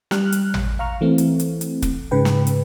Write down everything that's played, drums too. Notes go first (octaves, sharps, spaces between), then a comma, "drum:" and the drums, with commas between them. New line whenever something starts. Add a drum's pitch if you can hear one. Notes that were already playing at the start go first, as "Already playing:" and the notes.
G3 F6 F#6, drum: snare
drum: hi-hat
drum: tom
F5 A#5 C#6 F6
E3 A3 C4
drum: hi-hat
drum: hi-hat
drum: hi-hat
drum: kick, hi-hat
G#2 C#3 B4 G5
drum: snare
drum: hi-hat